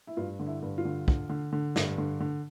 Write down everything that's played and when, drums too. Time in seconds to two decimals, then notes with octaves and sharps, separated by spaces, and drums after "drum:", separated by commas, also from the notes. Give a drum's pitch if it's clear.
0.07 E4
0.17 G2 F4
0.39 D3
0.47 E4
0.62 G2
0.78 F4
0.85 D3
1.08 D3, drum: kick
1.29 D3
1.53 D3
1.76 G2, drum: snare
1.98 D3
2.20 D3